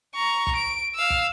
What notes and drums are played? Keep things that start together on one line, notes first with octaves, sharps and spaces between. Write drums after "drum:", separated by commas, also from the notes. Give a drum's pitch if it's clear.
A#5 C#6
drum: kick
D7
F5 E6
drum: kick